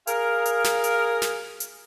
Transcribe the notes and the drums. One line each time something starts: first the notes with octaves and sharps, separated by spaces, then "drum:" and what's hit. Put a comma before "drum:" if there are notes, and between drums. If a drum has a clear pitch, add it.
G#4 A#4 F5, drum: hi-hat
drum: hi-hat
drum: snare
drum: hi-hat
drum: snare
drum: hi-hat